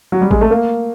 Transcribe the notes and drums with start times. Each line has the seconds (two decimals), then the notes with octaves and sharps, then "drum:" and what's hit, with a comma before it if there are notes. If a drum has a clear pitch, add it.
0.12 F#3
0.21 G3
0.31 G#3, drum: kick A1
0.41 A3
0.51 A#3